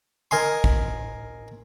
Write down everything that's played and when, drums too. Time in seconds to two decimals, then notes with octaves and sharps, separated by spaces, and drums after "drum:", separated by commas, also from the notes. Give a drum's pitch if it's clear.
0.31 A#4 D#5 G#5 C6
0.64 drum: kick